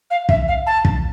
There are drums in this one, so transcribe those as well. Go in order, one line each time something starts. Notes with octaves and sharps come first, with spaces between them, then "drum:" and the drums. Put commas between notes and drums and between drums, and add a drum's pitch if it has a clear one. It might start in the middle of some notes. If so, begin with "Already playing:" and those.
F5
E5, drum: kick
F5
A5
drum: kick